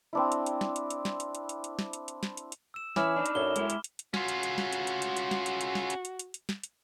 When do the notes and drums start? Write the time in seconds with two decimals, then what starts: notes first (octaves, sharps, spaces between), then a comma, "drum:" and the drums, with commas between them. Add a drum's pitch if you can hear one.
0.13 C4 D4 E4
0.32 drum: hi-hat
0.46 drum: hi-hat
0.61 drum: snare
0.76 drum: hi-hat
0.90 drum: hi-hat
1.05 drum: snare
1.20 drum: hi-hat
1.35 drum: hi-hat
1.49 drum: hi-hat
1.64 drum: hi-hat
1.79 drum: snare
1.93 drum: hi-hat
2.08 drum: hi-hat
2.23 drum: snare
2.37 drum: hi-hat
2.52 drum: hi-hat
2.74 E6 E7
2.96 E3 C#4 E4 B5 D6 F6, drum: snare
3.16 D4 D#4 B5
3.26 drum: hi-hat
3.35 F#2 A4 C#5 E5 G7
3.56 G#3 E4, drum: hi-hat
3.70 drum: hi-hat
3.84 drum: hi-hat
3.99 drum: hi-hat
4.14 C#4 F4 F#4, drum: snare
4.28 drum: hi-hat
4.43 drum: hi-hat
4.58 drum: snare
4.72 drum: hi-hat
4.87 drum: hi-hat
5.02 drum: hi-hat
5.17 drum: hi-hat
5.31 drum: snare
5.46 drum: hi-hat
5.61 drum: hi-hat
5.75 drum: snare
5.90 drum: hi-hat
6.05 drum: hi-hat
6.19 drum: hi-hat
6.34 drum: hi-hat
6.49 drum: snare
6.64 drum: hi-hat